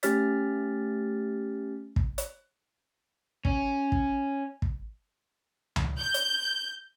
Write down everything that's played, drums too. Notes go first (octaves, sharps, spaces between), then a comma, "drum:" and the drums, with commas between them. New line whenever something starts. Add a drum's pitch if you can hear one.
A3 C#4 G4 F6 A6 B6, drum: hi-hat
drum: kick
drum: hi-hat
C#4, drum: kick
drum: kick
drum: kick
drum: tom C#2
G6
drum: hi-hat